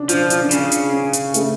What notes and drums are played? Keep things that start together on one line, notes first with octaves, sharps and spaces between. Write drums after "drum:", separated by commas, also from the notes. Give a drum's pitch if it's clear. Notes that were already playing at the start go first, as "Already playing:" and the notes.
Already playing: C#4 D4
F3 F4, drum: hi-hat
D4, drum: hi-hat
C#4
C#3, drum: hi-hat
D4
drum: hi-hat
C#4
drum: hi-hat
A3, drum: hi-hat